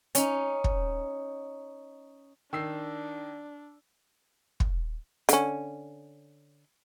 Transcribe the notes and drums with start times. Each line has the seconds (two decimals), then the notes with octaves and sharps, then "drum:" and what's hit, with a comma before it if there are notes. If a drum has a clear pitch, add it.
0.15 C#4 D#4, drum: hi-hat
0.64 drum: kick
2.53 D#3 D4 E6 C7
4.60 drum: kick
5.29 D3 C#4, drum: hi-hat